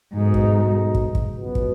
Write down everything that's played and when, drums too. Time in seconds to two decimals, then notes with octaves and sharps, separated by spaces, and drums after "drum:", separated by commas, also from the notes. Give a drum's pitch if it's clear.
0.14 B1 G#2 B2 G#3 D#4 F#4
0.34 drum: kick
0.95 drum: kick
1.15 drum: kick
1.35 C#2 B2 F#3 B3 F#4
1.55 drum: kick